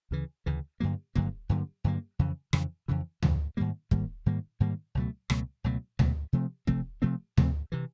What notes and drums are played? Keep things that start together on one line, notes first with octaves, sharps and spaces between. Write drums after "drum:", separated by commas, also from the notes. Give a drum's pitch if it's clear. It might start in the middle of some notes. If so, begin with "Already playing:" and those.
D2 C#3 E3
D2 C#3 E3
G2 D3 F#3 A#3
G2 D3 F#3 A#3, drum: kick
G2 D3 F#3 A#3
G2 D3 F#3 A#3
F2 C#3 E3
F2 C#3 E3, drum: rim click
F2 C#3 E3
F2 C#3 E3, drum: tom D2
G#2 D#3 G3 A#3
G#2 D#3 G3 A#3, drum: kick
G#2 D#3 G3 A#3
G#2 D#3 G3 A#3
C#2 B2 F#3 A3
C#2 B2 F#3 A3, drum: rim click
C#2 B2 F#3 A3
C#2 B2 F#3 A3, drum: tom D2
C3 F3 A3 C4
C3 F3 A3 C4, drum: kick
C3 F3 A3 C4
C3 F3 A3 C4, drum: tom D2
C3 E3